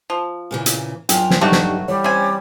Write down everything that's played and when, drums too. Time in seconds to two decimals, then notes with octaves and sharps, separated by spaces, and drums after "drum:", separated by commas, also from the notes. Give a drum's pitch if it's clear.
0.10 F3
0.51 A#2 C#3 E3
0.66 drum: hi-hat
1.09 F#2 D4 F4 G5, drum: hi-hat
1.30 drum: snare
1.41 G2 F#3 A3 A#3 D4 D#4 F#4 G4
1.52 drum: snare
1.88 E3 G3 C#5
2.04 C4 C#4 G#5